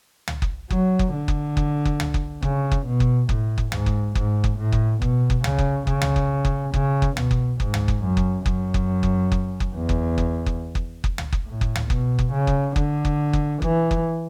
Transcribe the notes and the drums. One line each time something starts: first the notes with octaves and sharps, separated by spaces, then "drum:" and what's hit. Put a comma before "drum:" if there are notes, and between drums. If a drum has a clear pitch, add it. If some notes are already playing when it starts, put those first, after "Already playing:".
drum: tom
drum: kick F#1
F#3, drum: kick F#1
drum: kick F#1
D3
drum: kick F#1
drum: kick F#1
drum: kick F#1
drum: tom
drum: kick F#1
C#3, drum: kick F#1
drum: kick F#1
B2
drum: kick F#1
A2, drum: kick F#1
drum: kick F#1
G#2, drum: tom
drum: kick F#1
G#2, drum: kick F#1
drum: kick F#1
A2
drum: kick F#1
B2, drum: kick F#1
drum: kick F#1
C#3, drum: tom
drum: kick F#1
C#3, drum: kick F#1
drum: tom
drum: kick F#1
drum: kick F#1
C#3, drum: kick F#1
drum: kick F#1
B2, drum: tom
drum: kick F#1
G#2, drum: kick F#1
drum: tom
drum: kick F#1
F#2
drum: kick F#1
F#2, drum: kick F#1
drum: kick F#1
drum: kick F#1
drum: kick F#1
drum: kick F#1
E2
drum: kick F#1
drum: kick F#1
drum: kick F#1
drum: kick F#1
drum: kick F#1
drum: tom
drum: kick F#1
A2
drum: kick F#1
drum: tom
B2, drum: kick F#1
drum: kick F#1
C#3
drum: kick F#1
D3, drum: kick F#1
drum: kick F#1
drum: kick F#1
E3, drum: kick F#1
drum: kick F#1